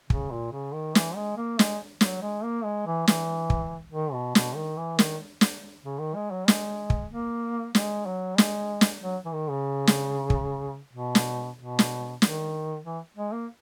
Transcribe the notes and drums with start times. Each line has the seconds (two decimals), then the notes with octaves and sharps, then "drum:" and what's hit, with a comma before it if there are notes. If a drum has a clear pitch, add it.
0.10 C#3, drum: kick
0.31 A#2
0.52 C#3
0.74 D#3
0.95 E3, drum: snare
1.16 G#3
1.37 A#3
1.59 G#3, drum: snare
2.01 F#3, drum: snare
2.22 G#3
2.44 A#3
2.65 G#3
2.87 E3
3.07 E3, drum: snare
3.50 drum: kick
3.92 D#3
4.13 B2
4.35 B2, drum: snare
4.55 D#3
4.77 E3
4.99 D#3, drum: snare
5.41 drum: snare
5.84 C#3
5.99 D#3
6.15 G#3
6.31 F#3
6.48 G#3, drum: snare
6.90 drum: kick
7.11 A#3
7.75 G#3, drum: snare
8.06 F#3
8.38 G#3, drum: snare
8.81 drum: snare
9.03 F#3
9.25 E3
9.34 D#3
9.50 C#3
9.87 drum: snare
10.30 drum: kick
10.93 B2
11.15 drum: snare
11.58 B2
11.79 drum: snare
12.22 D#3, drum: snare
12.85 E3
13.17 G#3
13.32 A#3